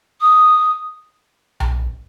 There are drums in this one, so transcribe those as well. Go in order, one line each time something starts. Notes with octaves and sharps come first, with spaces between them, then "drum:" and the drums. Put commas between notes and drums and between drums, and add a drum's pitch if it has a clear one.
D#6
drum: tom B1